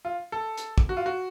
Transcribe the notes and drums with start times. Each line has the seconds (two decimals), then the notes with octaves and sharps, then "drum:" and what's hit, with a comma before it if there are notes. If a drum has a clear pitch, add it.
0.05 F4
0.32 A4
0.58 drum: hi-hat
0.78 drum: kick
0.89 F#4
0.97 F4
1.06 F#4